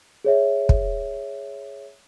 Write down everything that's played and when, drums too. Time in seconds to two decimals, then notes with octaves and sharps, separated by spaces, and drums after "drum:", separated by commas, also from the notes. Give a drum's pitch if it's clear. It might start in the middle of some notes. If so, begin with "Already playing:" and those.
0.24 G#4 C#5 E5
0.69 drum: kick